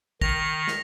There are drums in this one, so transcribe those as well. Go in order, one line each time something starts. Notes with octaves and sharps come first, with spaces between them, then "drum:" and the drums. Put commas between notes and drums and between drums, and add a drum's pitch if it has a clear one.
D#3 A#6 F7, drum: kick
drum: snare